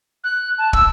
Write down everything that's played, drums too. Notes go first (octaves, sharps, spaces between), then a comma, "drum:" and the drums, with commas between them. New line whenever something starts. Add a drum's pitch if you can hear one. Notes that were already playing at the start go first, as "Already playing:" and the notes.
F#6
A5
E6, drum: kick